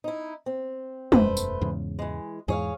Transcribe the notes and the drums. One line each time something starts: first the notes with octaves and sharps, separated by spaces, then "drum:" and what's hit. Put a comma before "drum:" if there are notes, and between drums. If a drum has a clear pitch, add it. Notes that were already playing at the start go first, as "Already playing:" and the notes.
D#4 E4
C4
E1 F#2 A3 B4 C5, drum: tom
drum: tambourine
E2 G#2 C#3
E3 G#3
E2 G#2 G#4 C#5 F5